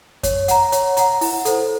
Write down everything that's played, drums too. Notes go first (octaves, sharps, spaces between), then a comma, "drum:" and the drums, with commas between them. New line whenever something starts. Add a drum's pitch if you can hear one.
C#5, drum: kick F#2, hi-hat
F#5 A#5, drum: hi-hat
C#5, drum: hi-hat
F#5 A#5, drum: hi-hat
E4, drum: open hi-hat
A4 C5, drum: hi-hat